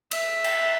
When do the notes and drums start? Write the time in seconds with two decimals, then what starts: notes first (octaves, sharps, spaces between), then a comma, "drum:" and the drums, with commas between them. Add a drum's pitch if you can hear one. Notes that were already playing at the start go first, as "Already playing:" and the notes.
0.11 E5, drum: cymbal
0.44 drum: cymbal